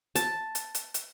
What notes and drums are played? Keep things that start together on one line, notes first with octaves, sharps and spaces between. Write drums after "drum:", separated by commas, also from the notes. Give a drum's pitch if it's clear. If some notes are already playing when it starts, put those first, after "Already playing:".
A5, drum: hi-hat
drum: hi-hat
drum: hi-hat
drum: hi-hat